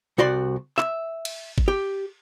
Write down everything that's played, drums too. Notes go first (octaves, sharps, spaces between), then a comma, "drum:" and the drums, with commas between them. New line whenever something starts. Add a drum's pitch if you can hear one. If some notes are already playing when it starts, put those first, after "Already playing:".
C2 F#4 D5 C6
E5, drum: clap
drum: cymbal
drum: kick G1
G4